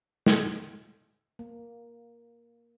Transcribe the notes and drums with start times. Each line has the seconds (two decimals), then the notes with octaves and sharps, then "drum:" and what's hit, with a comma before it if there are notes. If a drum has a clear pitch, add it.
0.26 drum: snare
1.39 A#3